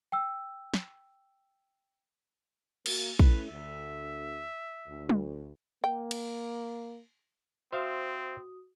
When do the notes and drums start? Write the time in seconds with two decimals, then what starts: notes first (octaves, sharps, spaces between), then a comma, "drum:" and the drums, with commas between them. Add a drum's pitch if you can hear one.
0.12 G5 E6
0.74 drum: snare
2.86 A#3 F#4, drum: cymbal
3.19 A3 C#4 E4 B4, drum: kick
3.50 D2 E5
4.87 D2
5.09 drum: tom
5.84 A#3 G5
6.11 drum: cymbal
7.73 C4 F#4 C5 E5 F5 D#6